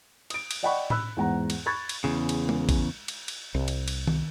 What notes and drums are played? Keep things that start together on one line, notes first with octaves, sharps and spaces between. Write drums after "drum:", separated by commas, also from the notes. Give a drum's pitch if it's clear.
D#6 D7, drum: cymbal
drum: cymbal
D5 D#5 F#5 G5 B5 C#6
B5 E6 F#6, drum: tom A2
E2 G#2 F#5 A#5
drum: cymbal
B5 C#6 F#6 G#6 A6
drum: cymbal
E2 C#3
drum: cymbal
drum: tom G#3
drum: kick A1, cymbal
drum: cymbal
drum: cymbal
C2
drum: cymbal
drum: cymbal
drum: tom D#3